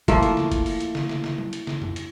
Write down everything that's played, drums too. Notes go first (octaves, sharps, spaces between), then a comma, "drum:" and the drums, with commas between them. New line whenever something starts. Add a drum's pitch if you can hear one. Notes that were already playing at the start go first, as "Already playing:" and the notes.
F3 A3 A#3 E4, drum: kick F#1, hi-hat
drum: hi-hat
drum: snare
drum: kick F#1, hi-hat
drum: open hi-hat
drum: hi-hat
drum: snare
drum: snare
drum: snare
drum: tom F#3
drum: hi-hat
drum: snare
drum: tom F2
drum: hi-hat